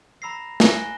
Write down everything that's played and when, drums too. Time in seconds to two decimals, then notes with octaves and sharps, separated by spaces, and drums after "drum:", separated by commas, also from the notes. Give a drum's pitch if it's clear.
0.22 A#5 B5 E6 A#6 C7
0.60 G#5 F#6 A#6 E7 G7, drum: snare